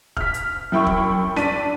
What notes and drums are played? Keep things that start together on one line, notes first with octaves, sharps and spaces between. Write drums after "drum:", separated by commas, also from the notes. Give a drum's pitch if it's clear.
F6 B6, drum: kick
drum: hi-hat
F#2 E4 G5 B5 C#6
drum: kick
D4 D5 B6 D#7, drum: snare C#4